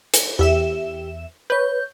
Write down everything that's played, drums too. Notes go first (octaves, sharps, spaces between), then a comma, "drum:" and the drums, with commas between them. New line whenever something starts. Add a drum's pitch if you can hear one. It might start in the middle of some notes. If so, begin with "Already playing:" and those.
drum: hi-hat
E2 G4 E5 E7
B4 C#5 G6